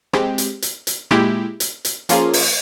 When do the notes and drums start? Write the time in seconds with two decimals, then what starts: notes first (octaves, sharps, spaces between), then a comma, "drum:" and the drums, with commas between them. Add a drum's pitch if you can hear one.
0.13 G#3 C4 G4, drum: rim click
0.38 drum: hi-hat
0.62 drum: hi-hat
0.87 drum: hi-hat
1.11 A#2 G#3 E4 G4, drum: rim click
1.60 drum: hi-hat
1.85 drum: hi-hat
2.09 F3 A#3 C#4 F4 G#4, drum: hi-hat
2.33 drum: open hi-hat